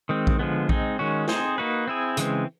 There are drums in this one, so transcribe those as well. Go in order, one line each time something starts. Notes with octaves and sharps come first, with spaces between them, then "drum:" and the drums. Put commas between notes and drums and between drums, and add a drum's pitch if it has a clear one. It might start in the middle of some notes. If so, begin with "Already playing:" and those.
D#3 G#3 C4
drum: kick A#1
D3 F3 G#3 B3
G#3 C4 D#4, drum: kick A#1
D#3 G#3 C#4 F#4
C4 D#4 G#4 C5, drum: snare
A#3 D#4 F#4 B4
C4 E4 G#4
C#3 E3 G#3 C4, drum: hi-hat